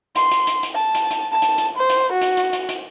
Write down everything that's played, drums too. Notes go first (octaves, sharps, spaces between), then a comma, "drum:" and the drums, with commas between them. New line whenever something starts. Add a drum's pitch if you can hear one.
C6, drum: hi-hat
drum: hi-hat
drum: hi-hat
drum: hi-hat
A5
drum: hi-hat
drum: hi-hat
A5
drum: hi-hat
drum: hi-hat
C5
drum: hi-hat
F#4
drum: hi-hat
drum: hi-hat
drum: hi-hat
drum: hi-hat